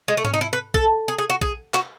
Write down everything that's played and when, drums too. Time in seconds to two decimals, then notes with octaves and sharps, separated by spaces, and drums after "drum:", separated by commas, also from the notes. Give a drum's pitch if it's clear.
0.08 G#3
0.17 A3
0.25 C#4, drum: tom G#2
0.34 D#4
0.41 E4
0.53 B4
0.74 A4, drum: kick
1.08 G#4
1.18 G#4
1.30 F#4
1.41 G#4, drum: kick
1.74 F#4, drum: clap